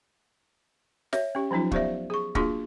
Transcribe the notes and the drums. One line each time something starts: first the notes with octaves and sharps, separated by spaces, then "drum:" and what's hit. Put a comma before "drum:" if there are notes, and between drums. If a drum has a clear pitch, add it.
C#5 E5, drum: snare
C#4 G4
F3 F#3 C#4 D#4 F4
B3 G4 C5 D5 E5, drum: kick
G#4 C#6
A#3 D4 F4 F#4 G#4 C6, drum: kick